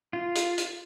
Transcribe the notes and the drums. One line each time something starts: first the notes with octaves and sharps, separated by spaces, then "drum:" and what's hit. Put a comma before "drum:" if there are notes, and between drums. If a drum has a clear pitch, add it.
F4
drum: hi-hat
drum: hi-hat